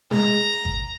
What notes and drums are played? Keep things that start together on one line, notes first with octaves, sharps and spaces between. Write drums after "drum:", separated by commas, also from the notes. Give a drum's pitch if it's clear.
G#3 A#5, drum: snare
drum: kick G#1